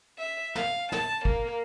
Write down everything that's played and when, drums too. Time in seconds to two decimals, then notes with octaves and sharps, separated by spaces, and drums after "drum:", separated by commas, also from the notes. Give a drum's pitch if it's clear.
0.19 E5
0.55 F5, drum: snare
0.92 A5, drum: snare
1.25 A#3, drum: kick